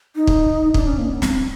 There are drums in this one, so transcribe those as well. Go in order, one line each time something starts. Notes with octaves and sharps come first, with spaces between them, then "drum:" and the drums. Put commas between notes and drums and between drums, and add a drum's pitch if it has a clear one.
D#4
drum: kick
D4, drum: kick
C#4
A#3
B3
C4, drum: snare